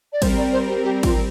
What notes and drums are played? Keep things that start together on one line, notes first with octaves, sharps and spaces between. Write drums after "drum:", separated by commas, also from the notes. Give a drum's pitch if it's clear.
D5
G3 C4 A#4 C5, drum: kick, cymbal
D5
C5
G4
G4
F4, drum: kick, cymbal